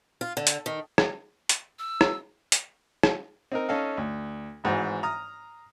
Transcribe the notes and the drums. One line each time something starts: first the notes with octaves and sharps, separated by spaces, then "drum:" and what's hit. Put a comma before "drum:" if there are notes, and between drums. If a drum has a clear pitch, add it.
F4
D3
drum: hi-hat
D#3
drum: rim click
drum: hi-hat
E6
drum: rim click
drum: hi-hat
drum: rim click
C4 D#4 A#4
C#4 D#4 A4 F5
D2
G#1 G#2 E3 F#4 C5
A#5 D#6 F6